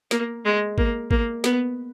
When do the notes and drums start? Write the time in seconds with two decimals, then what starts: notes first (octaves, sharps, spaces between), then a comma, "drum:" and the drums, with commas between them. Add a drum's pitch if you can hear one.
0.11 A#3, drum: snare
0.45 G#3
0.78 A#3, drum: kick
1.11 A#3, drum: kick
1.44 B3, drum: snare